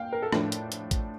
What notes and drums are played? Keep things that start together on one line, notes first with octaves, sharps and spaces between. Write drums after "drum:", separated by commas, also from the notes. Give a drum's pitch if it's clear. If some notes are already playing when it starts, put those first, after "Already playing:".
Already playing: A#2 F5 G5
A#4
A4
A2 F3 A3 D4, drum: rim click
drum: hi-hat
drum: hi-hat
drum: kick, hi-hat